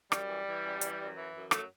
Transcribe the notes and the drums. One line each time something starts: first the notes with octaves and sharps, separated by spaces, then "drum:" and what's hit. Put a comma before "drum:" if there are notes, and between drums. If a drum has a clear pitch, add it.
F#2 G3, drum: rim click
E3
E3
F#2
E3, drum: hi-hat
F#2
E3
F#2
F#3 A3, drum: rim click